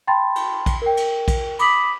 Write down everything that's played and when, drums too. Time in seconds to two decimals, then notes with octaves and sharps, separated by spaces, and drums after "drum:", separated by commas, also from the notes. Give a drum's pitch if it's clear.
0.07 G5 A5 B5 C6 A6
0.36 drum: cymbal
0.66 drum: kick A#1, cymbal
0.82 A#4 G5
0.97 drum: cymbal
1.28 drum: kick A#1, cymbal
1.59 B5 D6 D#6 B6 F#7, drum: cymbal